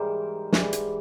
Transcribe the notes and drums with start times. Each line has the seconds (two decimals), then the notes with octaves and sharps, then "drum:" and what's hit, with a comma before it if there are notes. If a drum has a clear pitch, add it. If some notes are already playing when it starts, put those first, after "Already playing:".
Already playing: G#2 E3 G3 A#4 C5
0.52 G#2 E3 G3, drum: snare
0.73 drum: hi-hat